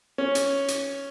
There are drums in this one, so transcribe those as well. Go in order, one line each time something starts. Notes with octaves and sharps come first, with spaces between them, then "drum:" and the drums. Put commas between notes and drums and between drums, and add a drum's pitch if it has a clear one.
C#4
drum: hi-hat
drum: hi-hat